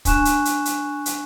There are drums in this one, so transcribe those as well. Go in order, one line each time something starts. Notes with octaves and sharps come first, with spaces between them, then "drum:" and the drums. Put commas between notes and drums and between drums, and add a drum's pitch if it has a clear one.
D4 G#5 C#6 F#6 E7, drum: kick, hi-hat
drum: hi-hat
drum: hi-hat
drum: hi-hat
drum: hi-hat